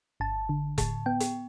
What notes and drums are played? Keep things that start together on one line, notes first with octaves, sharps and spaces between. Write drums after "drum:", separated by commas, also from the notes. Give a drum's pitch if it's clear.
G1 A5
D3
A2 A5, drum: kick E1, hi-hat
B3 G5
drum: hi-hat